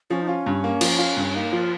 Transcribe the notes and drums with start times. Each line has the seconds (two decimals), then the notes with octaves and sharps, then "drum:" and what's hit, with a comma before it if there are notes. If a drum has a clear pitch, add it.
0.10 F3 C#4
0.22 D#4
0.27 C#4 F4
0.46 G2
0.64 A#3
0.81 F3, drum: cymbal
0.99 F4
1.17 G2
1.35 A#3 D#4
1.53 F3 F4